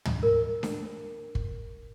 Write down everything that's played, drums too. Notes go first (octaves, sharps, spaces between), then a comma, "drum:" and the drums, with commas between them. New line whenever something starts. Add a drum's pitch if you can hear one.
drum: tom
A#4
drum: snare D4
drum: kick